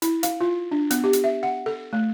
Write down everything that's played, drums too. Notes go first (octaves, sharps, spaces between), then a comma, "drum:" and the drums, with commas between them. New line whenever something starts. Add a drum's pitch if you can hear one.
E4, drum: hi-hat
F5, drum: hi-hat
F4
D4
B3, drum: hi-hat
G4
drum: hi-hat
E5
F#5
A4
A3